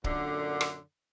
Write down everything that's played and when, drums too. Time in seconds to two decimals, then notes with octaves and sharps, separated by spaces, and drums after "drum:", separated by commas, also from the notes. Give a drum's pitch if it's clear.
0.04 F#2 A#2 D3, drum: kick
0.61 drum: rim click